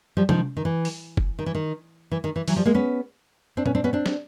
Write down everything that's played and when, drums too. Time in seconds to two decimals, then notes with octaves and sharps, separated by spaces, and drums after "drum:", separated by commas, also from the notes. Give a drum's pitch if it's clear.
0.17 F3 G3
0.29 D#3 F3, drum: tom
0.57 D#3
0.65 E3
0.85 drum: open hi-hat
1.17 drum: kick
1.39 D#3
1.46 E3
1.55 D#3
2.12 E3
2.24 D#3
2.36 E3
2.48 E3 F#3, drum: open hi-hat
2.56 F3 G3
2.65 G#3 A#3
2.74 B3 C#4
3.57 C4 D4
3.66 B3 C#4, drum: tom A#2
3.75 C4 D4
3.84 B3 C#4
3.93 C4 D4
4.06 drum: snare